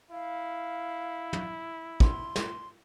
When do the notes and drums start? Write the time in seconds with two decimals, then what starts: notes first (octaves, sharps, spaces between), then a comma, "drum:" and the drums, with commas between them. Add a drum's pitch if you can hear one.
0.11 E4 F5
1.33 drum: tom
2.00 C6, drum: kick
2.36 drum: snare